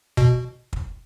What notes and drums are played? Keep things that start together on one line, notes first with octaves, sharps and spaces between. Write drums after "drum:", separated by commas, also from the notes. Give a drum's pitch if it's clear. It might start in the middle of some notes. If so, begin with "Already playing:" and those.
B2, drum: kick
drum: kick